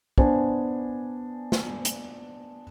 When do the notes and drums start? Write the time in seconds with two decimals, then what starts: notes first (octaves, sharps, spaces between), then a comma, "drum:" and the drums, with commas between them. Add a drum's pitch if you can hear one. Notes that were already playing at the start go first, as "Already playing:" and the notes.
0.18 B3 D4 C5 G#5, drum: kick
1.52 drum: snare
1.85 drum: hi-hat